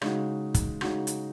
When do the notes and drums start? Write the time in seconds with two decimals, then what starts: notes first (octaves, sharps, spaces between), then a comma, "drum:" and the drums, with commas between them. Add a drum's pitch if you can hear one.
0.01 C#3 G#3 D#4 F#4, drum: rim click
0.54 drum: kick, hi-hat
0.81 C#3 G#3 D#4 F#4, drum: rim click
1.07 drum: hi-hat